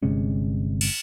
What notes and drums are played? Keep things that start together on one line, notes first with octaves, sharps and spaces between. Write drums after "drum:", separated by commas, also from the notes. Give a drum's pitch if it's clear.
G1 C3 G#3 C#4
drum: cymbal